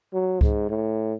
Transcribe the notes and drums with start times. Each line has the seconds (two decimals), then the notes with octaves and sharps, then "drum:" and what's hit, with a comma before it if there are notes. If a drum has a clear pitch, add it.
0.14 F#3
0.41 G#2, drum: kick C2
0.70 A2